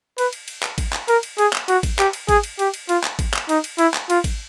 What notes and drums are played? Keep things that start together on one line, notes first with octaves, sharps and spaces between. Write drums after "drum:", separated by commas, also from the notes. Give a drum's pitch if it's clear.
B4, drum: cymbal
drum: cymbal
drum: cymbal
drum: clap
drum: kick G#1, cymbal
drum: clap
A#4, drum: cymbal
drum: cymbal
G#4, drum: cymbal
drum: clap
F#4, drum: cymbal
drum: kick G#1, cymbal
G4, drum: clap
drum: cymbal
G#4, drum: kick G#1, cymbal
drum: cymbal
G4, drum: cymbal
drum: cymbal
F4, drum: cymbal
drum: clap
drum: kick G#1, cymbal
drum: clap
D#4, drum: cymbal
drum: cymbal
E4, drum: cymbal
drum: clap
F4, drum: cymbal
drum: kick G#1, cymbal